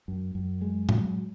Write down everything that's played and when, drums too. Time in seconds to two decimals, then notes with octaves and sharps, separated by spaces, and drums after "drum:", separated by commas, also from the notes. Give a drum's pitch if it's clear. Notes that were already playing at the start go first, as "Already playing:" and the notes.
0.08 F#2
0.35 F#2
0.61 G#3
0.89 F#3, drum: tom A2